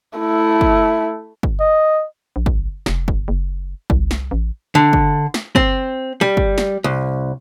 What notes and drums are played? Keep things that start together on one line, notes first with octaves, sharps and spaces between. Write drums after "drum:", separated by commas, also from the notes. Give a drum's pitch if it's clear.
A3 E4
drum: kick
drum: kick
D#5
A#1
drum: kick
F1, drum: snare
drum: kick
F#1
C2, drum: kick
drum: snare
A1
D3
drum: kick
drum: snare
C4, drum: kick
G3
drum: kick
drum: snare
C2